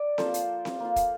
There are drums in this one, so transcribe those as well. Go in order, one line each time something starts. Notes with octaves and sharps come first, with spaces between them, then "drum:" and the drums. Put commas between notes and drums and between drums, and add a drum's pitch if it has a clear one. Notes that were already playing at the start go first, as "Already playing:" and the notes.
Already playing: D5
F3 A#3 F4 A4 C5, drum: snare C4
drum: hi-hat
drum: snare C4
A#3 F4
drum: kick, hi-hat